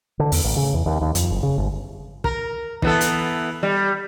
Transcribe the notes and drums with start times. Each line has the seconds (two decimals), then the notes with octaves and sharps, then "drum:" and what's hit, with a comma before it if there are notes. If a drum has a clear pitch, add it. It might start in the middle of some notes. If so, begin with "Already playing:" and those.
0.19 D3
0.32 E2, drum: open hi-hat
0.44 A1
0.57 C#3
0.74 E2
0.86 D#2
1.01 D#2
1.15 F2, drum: hi-hat
1.31 F#1
1.43 C#3
1.58 G1
2.24 A#4, drum: kick
2.82 E3 B3 A4, drum: kick
3.01 drum: hi-hat
3.63 G3